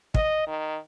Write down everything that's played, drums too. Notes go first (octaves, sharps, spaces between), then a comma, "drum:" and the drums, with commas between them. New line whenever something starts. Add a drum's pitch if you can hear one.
D#5, drum: kick
D#3